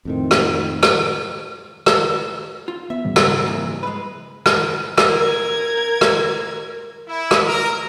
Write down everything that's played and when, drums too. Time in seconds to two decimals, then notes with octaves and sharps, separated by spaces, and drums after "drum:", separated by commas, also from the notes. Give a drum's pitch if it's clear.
0.05 F2 A2 D#3 C4
0.31 drum: rim click
0.83 drum: rim click
1.86 drum: rim click
2.68 F4
2.90 B3 E5
3.05 G#2 C#3 G3
3.16 drum: rim click
3.46 F2 E3 A#3
3.83 G#3 B4
4.46 drum: rim click
4.98 drum: rim click
5.08 A#4 G#6
6.01 drum: rim click
7.08 E4
7.31 drum: rim click
7.46 A#4